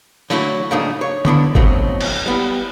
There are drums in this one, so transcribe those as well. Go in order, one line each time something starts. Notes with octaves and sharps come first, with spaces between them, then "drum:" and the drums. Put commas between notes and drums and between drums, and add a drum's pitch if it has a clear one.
D3 F#3 A3 E4 F#4, drum: open hi-hat
G#2 C#3 F3 A3 D4 D#4
C#5
D3 B3 D4 E4, drum: tom D3
F2 B2 F#3 A3 C4 D#4, drum: kick
drum: cymbal
G3 B3 E4